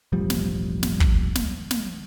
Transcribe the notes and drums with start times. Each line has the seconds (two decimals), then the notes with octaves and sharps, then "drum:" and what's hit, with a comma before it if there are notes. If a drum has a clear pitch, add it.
0.12 E1 A1 F3 G3
0.30 drum: snare
0.83 drum: snare
1.00 drum: kick
1.35 drum: snare
1.71 drum: snare